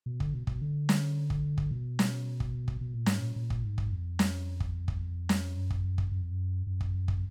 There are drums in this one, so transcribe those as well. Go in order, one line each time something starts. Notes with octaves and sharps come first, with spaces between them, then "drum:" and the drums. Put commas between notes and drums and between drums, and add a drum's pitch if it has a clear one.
B2
D3, drum: kick
B2
B2, drum: kick
D3
drum: snare
drum: kick
drum: kick
B2
drum: snare
drum: kick
drum: kick
B2
A#2
G#2, drum: snare
A#2
A#2
drum: kick
G#2
drum: kick
F2
drum: snare
drum: kick
drum: kick
drum: snare
F#2
drum: kick
drum: kick
F#2
F2
F#2
F#2
drum: kick
drum: kick